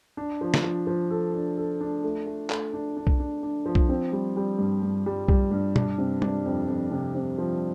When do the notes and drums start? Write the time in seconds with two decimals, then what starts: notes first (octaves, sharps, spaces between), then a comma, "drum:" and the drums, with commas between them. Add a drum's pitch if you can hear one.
0.17 D4
0.41 F3
0.54 drum: snare
0.64 F3
0.87 F3
1.10 A4
1.34 D4
1.58 A4
1.81 D4
2.04 A3
2.27 A3
2.50 A3, drum: clap
2.73 D4
2.97 D4
3.07 drum: kick B1
3.20 D4
3.43 D4
3.66 F3
3.75 drum: kick B1
3.89 C4
4.12 G3
4.36 G3
4.59 G2
4.82 G2
5.06 G3
5.28 G3, drum: kick B1
5.52 G2
5.76 D4, drum: tom
5.98 C3
6.22 D4, drum: tom
6.46 F2
6.68 F2
6.91 C3
7.15 C3
7.38 F3